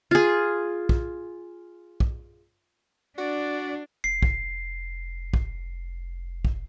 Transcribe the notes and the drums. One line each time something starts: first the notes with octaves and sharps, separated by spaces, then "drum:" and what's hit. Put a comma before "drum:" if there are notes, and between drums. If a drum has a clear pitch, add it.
F4 G#4
drum: kick
drum: kick
D4 F#4 D5
F1 C7
drum: kick
drum: kick
drum: kick